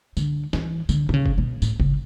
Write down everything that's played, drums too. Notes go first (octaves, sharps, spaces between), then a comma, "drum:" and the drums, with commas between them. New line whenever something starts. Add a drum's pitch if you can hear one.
D3, drum: tambourine
E3, drum: snare
D3, drum: tambourine
D3, drum: tom
C#3
drum: kick F#1
B2
A2, drum: tambourine
C#3, drum: kick F#1